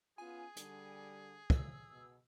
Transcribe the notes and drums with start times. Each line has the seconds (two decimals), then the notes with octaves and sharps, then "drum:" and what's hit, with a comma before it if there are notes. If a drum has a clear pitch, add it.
0.18 B3 C#4 F4 G#4 G#5
0.56 D3 G3, drum: hi-hat
1.50 E6, drum: kick
1.90 B2